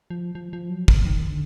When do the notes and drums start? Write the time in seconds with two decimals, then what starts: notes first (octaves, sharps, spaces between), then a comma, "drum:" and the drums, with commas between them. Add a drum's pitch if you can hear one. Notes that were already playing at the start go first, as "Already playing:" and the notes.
0.10 F3
0.35 F3
0.53 F3
0.70 F#3
0.88 drum: kick
1.06 D#3
1.30 D3